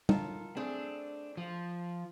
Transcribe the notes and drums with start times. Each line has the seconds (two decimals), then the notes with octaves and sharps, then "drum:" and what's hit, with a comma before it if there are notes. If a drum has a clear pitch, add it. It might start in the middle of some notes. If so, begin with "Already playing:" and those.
0.09 F4 A4 A#4, drum: tom
0.57 A3 C4 D4 G#4
1.37 F3